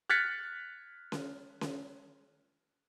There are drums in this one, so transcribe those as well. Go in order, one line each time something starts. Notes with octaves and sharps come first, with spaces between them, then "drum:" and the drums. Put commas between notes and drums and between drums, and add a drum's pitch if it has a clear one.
F6 F#6 G#6 A6 B6 C#7
drum: snare C#4
drum: snare C#4